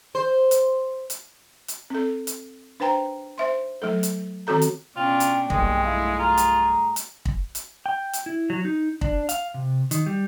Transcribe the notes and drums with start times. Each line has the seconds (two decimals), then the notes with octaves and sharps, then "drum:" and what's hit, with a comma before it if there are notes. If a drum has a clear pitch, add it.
0.15 C5
0.51 drum: hi-hat
1.10 drum: hi-hat
1.68 drum: hi-hat
1.90 C4 A4
2.27 drum: hi-hat
2.80 D4 B4 C5 G5 A#5
3.38 C5 E5 C6
3.82 F#3 A3 A4
4.03 drum: hi-hat
4.47 D#3 C4 F#4 A4 A#5
4.62 drum: hi-hat
4.96 B2 C#4 D4 F4 G5
5.20 drum: hi-hat
5.50 B1 G2 G#3 A#3, drum: kick
5.84 A3 E4 F5
6.19 F4 G#4 A#5
6.37 drum: hi-hat
6.96 drum: hi-hat
7.25 drum: kick
7.55 drum: hi-hat
7.86 G5
8.13 drum: hi-hat
8.26 E4
8.50 F#3
8.65 D#4
9.01 D4, drum: kick
9.29 F5, drum: hi-hat
9.54 C3
9.91 D#3, drum: hi-hat
10.06 G3